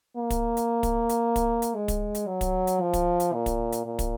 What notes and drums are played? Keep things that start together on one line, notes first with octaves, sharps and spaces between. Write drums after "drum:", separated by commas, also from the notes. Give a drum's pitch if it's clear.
A#3
drum: kick, hi-hat
drum: hi-hat
drum: kick, hi-hat
drum: hi-hat
drum: kick, hi-hat
drum: hi-hat
G#3
drum: kick, hi-hat
drum: hi-hat
F#3
drum: kick, hi-hat
drum: hi-hat
F3
drum: kick, hi-hat
drum: hi-hat
A#2
drum: kick, hi-hat
drum: hi-hat
A#2
drum: kick, hi-hat